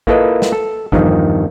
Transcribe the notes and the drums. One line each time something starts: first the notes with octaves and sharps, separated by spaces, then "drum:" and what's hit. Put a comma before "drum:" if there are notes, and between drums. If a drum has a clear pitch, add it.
A#3 E4 F4 A4 B4 D#5, drum: kick
drum: snare
A4
E2 G2 D#3 F3, drum: kick